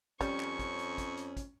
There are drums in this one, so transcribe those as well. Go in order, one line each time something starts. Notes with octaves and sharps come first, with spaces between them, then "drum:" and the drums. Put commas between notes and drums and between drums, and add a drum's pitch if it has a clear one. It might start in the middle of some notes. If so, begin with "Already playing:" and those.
F2 G3 C#4 C#6, drum: kick, hi-hat
drum: clap
drum: kick, hi-hat
drum: hi-hat
drum: kick, hi-hat
drum: hi-hat
drum: kick, hi-hat